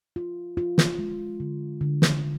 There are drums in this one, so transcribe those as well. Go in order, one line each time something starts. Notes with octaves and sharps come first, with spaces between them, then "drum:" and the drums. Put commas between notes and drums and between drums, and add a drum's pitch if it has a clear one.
F4
F4
drum: snare
G#3
D3
D3
drum: snare